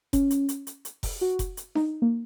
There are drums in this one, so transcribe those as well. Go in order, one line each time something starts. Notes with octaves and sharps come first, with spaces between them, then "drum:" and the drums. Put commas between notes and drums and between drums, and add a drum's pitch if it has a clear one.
C#4, drum: kick F1, hi-hat
drum: hi-hat
drum: hi-hat
drum: hi-hat
drum: hi-hat
drum: kick F1, open hi-hat
F#4
drum: kick F1, hi-hat
drum: hi-hat
D#4, drum: snare D4
A#3